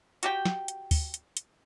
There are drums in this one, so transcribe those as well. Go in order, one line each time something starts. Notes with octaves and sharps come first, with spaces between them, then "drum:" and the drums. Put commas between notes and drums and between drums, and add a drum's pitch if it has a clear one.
F#4 G4 G5, drum: hi-hat
drum: snare
drum: hi-hat
drum: kick, open hi-hat
drum: hi-hat
drum: hi-hat